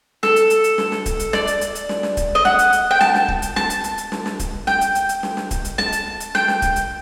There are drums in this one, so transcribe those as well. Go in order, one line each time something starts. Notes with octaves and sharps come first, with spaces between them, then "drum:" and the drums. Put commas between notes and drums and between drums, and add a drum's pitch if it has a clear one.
A4, drum: snare
drum: hi-hat
drum: hi-hat
drum: hi-hat
drum: snare
drum: snare
drum: kick D1, hi-hat
drum: hi-hat
D5, drum: snare
drum: hi-hat
drum: hi-hat
drum: hi-hat
drum: snare
drum: snare
drum: kick D1, hi-hat
D#5
F#5, drum: snare
drum: hi-hat
drum: hi-hat
G5
A5, drum: snare
drum: snare
drum: kick D1
drum: hi-hat
A5, drum: snare
drum: hi-hat
drum: hi-hat
drum: hi-hat
drum: snare
drum: snare
drum: kick D1, hi-hat
G5, drum: snare
drum: hi-hat
drum: hi-hat
drum: hi-hat
drum: snare
drum: snare
drum: kick D1, hi-hat
drum: hi-hat
A5, drum: snare
drum: hi-hat
drum: hi-hat
G5, drum: snare
drum: snare
drum: kick D1, hi-hat
drum: hi-hat